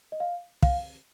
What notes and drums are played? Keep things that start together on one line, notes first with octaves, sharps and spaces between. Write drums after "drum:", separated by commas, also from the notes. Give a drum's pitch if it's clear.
D#5
F5
F5, drum: kick